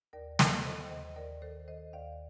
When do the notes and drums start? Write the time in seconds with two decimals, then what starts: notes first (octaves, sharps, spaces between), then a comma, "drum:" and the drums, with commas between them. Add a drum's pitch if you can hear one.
0.13 D#2 A#4 D5
0.39 D#3 A4 C5, drum: snare
0.65 D#3 C5 D#5
0.90 D#2 C5 D#5
1.16 D#2 A#4 D5
1.42 D#3 A4 C5
1.68 D#3 C5 D#5
1.93 D#2 D5 F5